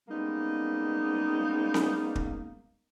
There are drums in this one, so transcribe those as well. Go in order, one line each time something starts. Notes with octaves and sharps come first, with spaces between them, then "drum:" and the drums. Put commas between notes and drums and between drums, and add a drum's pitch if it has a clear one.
G3 G#3 A#3 B3 C#4 D#4
drum: snare C4
drum: kick